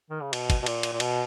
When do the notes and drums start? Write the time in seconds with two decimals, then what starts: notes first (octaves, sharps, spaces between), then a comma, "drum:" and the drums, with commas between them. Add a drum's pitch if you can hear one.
0.10 D#3
0.21 C#3
0.33 B2, drum: cymbal
0.50 drum: kick, cymbal
0.62 B2
0.66 A#2, drum: cymbal
0.83 drum: cymbal
0.93 A#2
1.00 B2, drum: cymbal